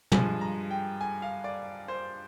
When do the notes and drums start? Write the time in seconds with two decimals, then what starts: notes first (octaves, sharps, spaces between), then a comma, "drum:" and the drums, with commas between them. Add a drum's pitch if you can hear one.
0.12 G2 F3 G#3 G#5, drum: tom
0.41 A#5
0.70 G5
1.01 G#5
1.22 F5
1.44 D5
1.88 C5